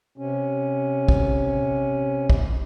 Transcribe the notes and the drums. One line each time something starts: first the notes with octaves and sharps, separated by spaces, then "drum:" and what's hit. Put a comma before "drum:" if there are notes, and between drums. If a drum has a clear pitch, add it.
C3 C#4
drum: kick
drum: kick